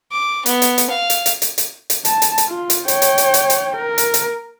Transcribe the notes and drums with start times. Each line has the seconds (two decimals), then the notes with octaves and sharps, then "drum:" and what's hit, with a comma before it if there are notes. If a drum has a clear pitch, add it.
0.12 D6
0.46 B3, drum: hi-hat
0.62 drum: hi-hat
0.78 drum: hi-hat
0.90 F5
1.10 drum: hi-hat
1.26 drum: hi-hat
1.42 drum: hi-hat
1.58 drum: hi-hat
1.90 drum: hi-hat
2.05 A5, drum: hi-hat
2.22 drum: hi-hat
2.38 drum: hi-hat
2.49 F4
2.70 drum: hi-hat
2.88 C#5 G5, drum: hi-hat
3.02 drum: hi-hat
3.18 drum: hi-hat
3.34 drum: hi-hat
3.50 drum: hi-hat
3.76 A#4
3.98 drum: hi-hat
4.14 drum: hi-hat